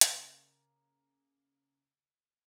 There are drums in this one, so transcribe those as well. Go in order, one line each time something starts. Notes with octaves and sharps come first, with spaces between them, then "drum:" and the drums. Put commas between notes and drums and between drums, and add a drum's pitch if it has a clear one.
C#3 A#3, drum: hi-hat